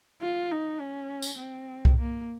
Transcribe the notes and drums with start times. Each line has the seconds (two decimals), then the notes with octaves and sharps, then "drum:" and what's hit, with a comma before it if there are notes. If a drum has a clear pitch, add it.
0.22 F4
0.51 D#4
0.80 C#4
1.22 drum: tambourine
1.39 C4
1.85 drum: kick C2
1.98 A#3